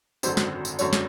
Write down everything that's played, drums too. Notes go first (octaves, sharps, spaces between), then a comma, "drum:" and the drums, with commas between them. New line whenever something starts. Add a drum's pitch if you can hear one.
G#1 F#2 D3 C5, drum: tambourine
drum: snare
drum: tambourine
F#2 D3 C#5, drum: tambourine
drum: snare